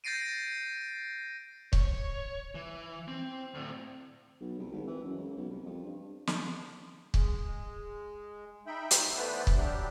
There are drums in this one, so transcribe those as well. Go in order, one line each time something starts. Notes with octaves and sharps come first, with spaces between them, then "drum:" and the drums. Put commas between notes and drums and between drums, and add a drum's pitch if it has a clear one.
G6 A6 A#6 C7 D7 D#7
C#5, drum: kick
E3
C4
D2 A2
B1
C2
G#1
E3
F#2
C#2
B1
C2
F2
G2
drum: snare
G#3, drum: kick
D#4 E5 G5 B5
drum: hi-hat
E3 A3 B3 B4 C5 D5
drum: kick
F#3 G3 D4 G4